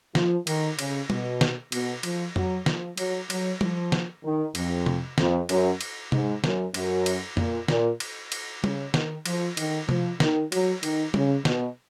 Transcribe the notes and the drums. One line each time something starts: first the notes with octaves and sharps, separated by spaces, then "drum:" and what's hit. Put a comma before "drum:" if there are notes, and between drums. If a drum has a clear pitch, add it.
F3, drum: snare
D#3, drum: cymbal
C#3, drum: cymbal
B2, drum: tom
drum: snare
B2, drum: cymbal
F3, drum: cymbal
F#3, drum: tom F2
F3, drum: snare
F#3, drum: cymbal
F#3, drum: cymbal
F3, drum: tom
drum: snare
D#3
F2, drum: cymbal
drum: tom C3
F2, drum: snare
F#2, drum: cymbal
drum: cymbal
G#2, drum: tom C3
F#2, drum: snare
F#2, drum: cymbal
drum: cymbal
A#2, drum: tom F2
A#2, drum: snare
drum: cymbal
drum: cymbal
C#3, drum: tom
D#3, drum: snare
F3, drum: cymbal
D#3, drum: cymbal
F3, drum: tom C3
D#3, drum: snare
F#3, drum: cymbal
D#3, drum: cymbal
C#3, drum: tom
B2, drum: snare